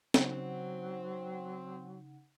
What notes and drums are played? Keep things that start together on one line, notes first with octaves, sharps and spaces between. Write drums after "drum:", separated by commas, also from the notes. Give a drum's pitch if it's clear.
C#3 F#3 C4 D#4 F#5, drum: snare